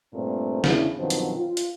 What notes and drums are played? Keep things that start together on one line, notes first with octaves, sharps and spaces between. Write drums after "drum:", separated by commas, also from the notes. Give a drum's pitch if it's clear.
G2 A#2 A3 C4
E2 C#3 D4 E4, drum: snare
G2 B2 D#3 F3 F#3 C4
drum: hi-hat
F4
drum: hi-hat